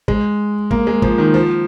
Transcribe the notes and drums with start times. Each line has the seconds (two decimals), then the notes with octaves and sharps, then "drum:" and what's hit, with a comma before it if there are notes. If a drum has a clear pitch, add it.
0.08 G#3, drum: kick
0.71 A#3, drum: kick
0.87 G#3
1.02 F3, drum: kick
1.18 D#3
1.34 F3